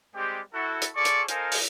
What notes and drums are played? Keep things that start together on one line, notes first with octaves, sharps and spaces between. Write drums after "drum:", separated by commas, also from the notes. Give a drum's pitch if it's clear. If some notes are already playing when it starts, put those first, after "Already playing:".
G3 G#3 C4 G4
E4 F#4 A4
drum: hi-hat
F4 G#4 A4 D5 C#6
drum: hi-hat
D#4 A4 A#4 C5 F5 G#5, drum: hi-hat
drum: open hi-hat